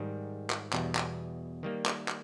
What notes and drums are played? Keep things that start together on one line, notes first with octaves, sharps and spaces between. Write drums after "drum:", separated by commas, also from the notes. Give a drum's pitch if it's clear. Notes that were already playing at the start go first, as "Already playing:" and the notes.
Already playing: G#2 D#3 G3
drum: clap
E2 B2 G3, drum: clap
drum: clap
D#3 G3 A#3
drum: clap
drum: clap